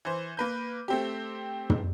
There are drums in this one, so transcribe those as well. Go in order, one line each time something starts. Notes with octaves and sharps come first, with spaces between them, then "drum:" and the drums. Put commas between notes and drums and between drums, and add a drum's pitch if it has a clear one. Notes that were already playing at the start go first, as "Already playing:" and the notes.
E3 C5
A#3 B4 G6
A3 C4 G4
drum: tom